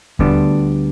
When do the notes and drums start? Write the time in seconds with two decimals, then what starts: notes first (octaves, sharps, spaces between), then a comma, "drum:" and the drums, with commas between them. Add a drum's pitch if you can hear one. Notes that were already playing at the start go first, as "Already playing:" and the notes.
0.19 D2 D3 G3 B3 D4, drum: kick D#2